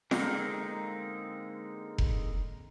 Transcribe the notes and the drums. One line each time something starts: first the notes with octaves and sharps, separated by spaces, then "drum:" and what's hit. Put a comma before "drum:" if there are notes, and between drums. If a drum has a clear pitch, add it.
D3 G#3 A#3 C4 D#4, drum: snare F4
drum: kick F1